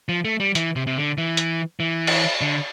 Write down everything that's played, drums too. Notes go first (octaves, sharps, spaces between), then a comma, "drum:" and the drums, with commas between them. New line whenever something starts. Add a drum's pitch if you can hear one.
F3
A3
G3
E3, drum: hi-hat
C3
C3
D3
E3
drum: hi-hat
E3
drum: cymbal
D3